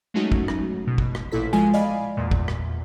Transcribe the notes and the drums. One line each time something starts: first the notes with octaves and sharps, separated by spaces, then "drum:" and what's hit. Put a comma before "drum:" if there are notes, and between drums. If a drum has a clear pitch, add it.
F#3 G#3 A3 C#4 D#4 F#4
drum: kick
drum: rim click
B2
drum: kick
drum: rim click
A1 A#2 E4 A4 B6
B2 F3 G#3 F4 G#5
D5 D#5 F5 G#5 B5
E2 A#2
drum: kick
drum: rim click